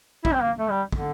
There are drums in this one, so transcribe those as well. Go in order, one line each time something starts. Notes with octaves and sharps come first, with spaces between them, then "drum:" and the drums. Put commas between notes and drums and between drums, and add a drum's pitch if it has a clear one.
E4, drum: kick
C4
A#3
A3
G3
D3, drum: kick